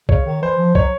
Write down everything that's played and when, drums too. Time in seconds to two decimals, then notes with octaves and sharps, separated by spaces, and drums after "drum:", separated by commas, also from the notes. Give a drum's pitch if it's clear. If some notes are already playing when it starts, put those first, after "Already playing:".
0.09 C#3 C#5, drum: kick C2
0.26 D#3
0.42 E3 C5
0.59 F3
0.75 F#3 C#5, drum: kick C2